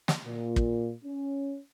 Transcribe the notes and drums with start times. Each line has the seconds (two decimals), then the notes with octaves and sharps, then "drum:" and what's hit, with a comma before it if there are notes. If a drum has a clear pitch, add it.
0.08 drum: snare
0.25 A#2
0.56 drum: kick
1.04 C#4